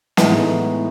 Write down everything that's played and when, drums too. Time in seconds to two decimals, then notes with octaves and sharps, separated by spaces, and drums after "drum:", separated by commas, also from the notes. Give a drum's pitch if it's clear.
0.17 A2 E3 G#3 B3 D#4, drum: snare